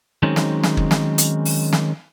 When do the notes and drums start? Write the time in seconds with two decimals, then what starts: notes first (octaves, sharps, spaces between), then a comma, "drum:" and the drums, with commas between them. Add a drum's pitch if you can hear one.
0.23 D#3 F#3 G#3 C4 C#4 D#4
0.36 drum: snare
0.64 drum: snare
0.77 drum: kick
0.91 drum: snare
1.18 drum: hi-hat
1.45 drum: open hi-hat
1.73 drum: snare